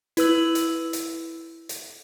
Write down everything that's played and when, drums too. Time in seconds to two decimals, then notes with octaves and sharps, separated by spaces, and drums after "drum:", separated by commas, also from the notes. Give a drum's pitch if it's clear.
0.17 E4 B4 E6 F#7, drum: hi-hat
0.55 drum: hi-hat
0.93 drum: hi-hat
1.69 drum: hi-hat